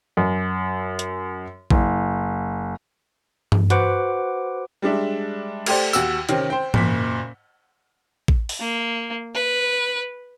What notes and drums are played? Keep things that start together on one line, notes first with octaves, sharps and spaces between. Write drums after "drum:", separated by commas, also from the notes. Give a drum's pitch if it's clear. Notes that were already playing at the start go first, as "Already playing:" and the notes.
F#2
drum: hi-hat
F#1, drum: kick A1
drum: tom G2
F#4 B4 C5 F#5 D6, drum: hi-hat
G3 G#3 D4 E5
A3 G4 C5 D5, drum: cymbal
D#2 F#4 E6, drum: tambourine
C3 D#3 C4 C#4, drum: hi-hat
C5 G5
F#1 A#2 B6, drum: tom G#2
drum: kick A1
drum: open hi-hat
A#3
B4